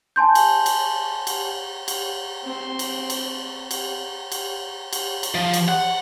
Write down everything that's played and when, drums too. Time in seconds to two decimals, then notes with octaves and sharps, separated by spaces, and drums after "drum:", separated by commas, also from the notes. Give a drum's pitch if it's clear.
0.16 G#5 A5 C6 G6
0.35 drum: cymbal
0.66 drum: cymbal
1.27 drum: cymbal
1.88 drum: cymbal
2.44 C4 C6
2.79 drum: cymbal
3.10 drum: cymbal
3.71 drum: cymbal
4.32 drum: cymbal
4.93 drum: cymbal
5.23 drum: cymbal
5.35 F3
5.54 drum: cymbal
5.69 F#5